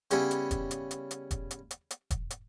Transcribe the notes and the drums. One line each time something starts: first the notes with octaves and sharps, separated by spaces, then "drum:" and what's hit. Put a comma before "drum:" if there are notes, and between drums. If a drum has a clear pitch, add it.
C#3 G3 B3 C#4 E4, drum: hi-hat
drum: hi-hat
drum: kick E1, hi-hat
drum: hi-hat
drum: hi-hat
drum: hi-hat
drum: kick E1, hi-hat
drum: hi-hat
drum: hi-hat
drum: hi-hat
drum: kick E1, hi-hat
drum: hi-hat